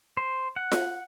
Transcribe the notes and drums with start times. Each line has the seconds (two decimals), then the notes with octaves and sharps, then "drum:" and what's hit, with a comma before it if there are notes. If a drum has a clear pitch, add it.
0.17 C5
0.56 F#5
0.72 drum: snare F4